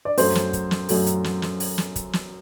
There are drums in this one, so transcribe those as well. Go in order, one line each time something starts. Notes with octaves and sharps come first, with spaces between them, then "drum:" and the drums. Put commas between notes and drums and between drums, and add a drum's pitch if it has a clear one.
D5
F#2 F#3 A3 C5, drum: open hi-hat
drum: snare
drum: kick, hi-hat
drum: snare
F#2 F#3 A3, drum: open hi-hat
drum: hi-hat
drum: snare
drum: snare
drum: open hi-hat
drum: snare
drum: kick, hi-hat
drum: snare